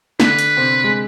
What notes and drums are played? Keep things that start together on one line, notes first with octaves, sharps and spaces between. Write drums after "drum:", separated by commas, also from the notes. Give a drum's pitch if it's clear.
D3 D4 B4, drum: snare
drum: hi-hat
C3 C4
G#3